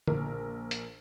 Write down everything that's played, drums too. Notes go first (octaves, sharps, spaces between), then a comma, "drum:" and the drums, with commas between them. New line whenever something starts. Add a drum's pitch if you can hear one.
A#1 A#4, drum: tom D3
drum: hi-hat